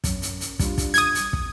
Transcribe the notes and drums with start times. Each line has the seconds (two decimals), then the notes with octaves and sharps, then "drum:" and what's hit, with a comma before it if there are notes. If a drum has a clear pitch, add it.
0.04 F#2, drum: kick, hi-hat
0.22 drum: hi-hat
0.41 drum: hi-hat
0.59 G3 D4 F4, drum: kick, hi-hat
0.78 drum: kick, hi-hat
0.94 D#6 G#6, drum: hi-hat
1.15 drum: hi-hat
1.33 drum: kick